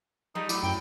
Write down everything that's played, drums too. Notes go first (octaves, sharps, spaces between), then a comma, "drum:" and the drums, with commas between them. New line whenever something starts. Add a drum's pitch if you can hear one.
F3 G3 D#4 G#4
A2 F#3 E4 D5, drum: tambourine
F#2 G5